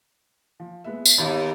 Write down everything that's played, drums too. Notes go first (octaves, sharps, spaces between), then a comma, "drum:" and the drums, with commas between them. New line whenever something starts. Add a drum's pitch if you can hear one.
F3
G#3 B3 E5
drum: tambourine
D#2 B2 G4 F5